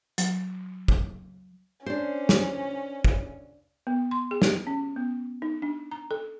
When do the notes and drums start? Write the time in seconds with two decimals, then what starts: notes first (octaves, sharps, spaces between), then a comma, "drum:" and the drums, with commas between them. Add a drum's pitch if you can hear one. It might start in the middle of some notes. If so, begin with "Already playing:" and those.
0.18 F#3, drum: hi-hat
0.88 drum: kick
1.86 C#4 D4 C5
2.29 drum: snare
3.04 drum: kick
3.87 B3
4.11 C6
4.31 G#4
4.42 drum: snare
4.67 C#4
4.96 B3
5.42 D#4
5.62 D4
5.91 A#5
6.11 A4